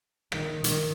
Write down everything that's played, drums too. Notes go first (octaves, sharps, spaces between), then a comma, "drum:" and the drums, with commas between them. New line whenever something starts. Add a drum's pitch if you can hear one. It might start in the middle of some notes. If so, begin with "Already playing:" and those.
D#3, drum: rim click
D#3, drum: hi-hat